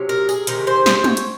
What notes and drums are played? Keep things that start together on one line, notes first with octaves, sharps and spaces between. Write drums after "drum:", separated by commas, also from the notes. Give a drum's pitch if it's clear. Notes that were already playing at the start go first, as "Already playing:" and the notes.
Already playing: C3 F#3 C#4
A#4
G#4, drum: tambourine
C3 D#3 G#3 A#4, drum: hi-hat
C5
C5, drum: snare
C#5, drum: tom
drum: hi-hat